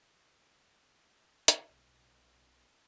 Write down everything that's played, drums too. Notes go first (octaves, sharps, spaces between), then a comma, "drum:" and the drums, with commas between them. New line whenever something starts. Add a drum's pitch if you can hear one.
drum: hi-hat
B1